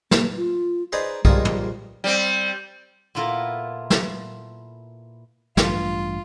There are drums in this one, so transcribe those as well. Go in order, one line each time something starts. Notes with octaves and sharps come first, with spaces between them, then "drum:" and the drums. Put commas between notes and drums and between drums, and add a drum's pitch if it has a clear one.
A#3, drum: snare
F4
D#4 G#4 B4 C5 D5 A#5
A#1 G2 G#3 D#4 F4 D#6, drum: kick B1
drum: tom
G3 C4
A#2 B3 E4 F4 A4 A#4
drum: snare
A1 G2 F4, drum: snare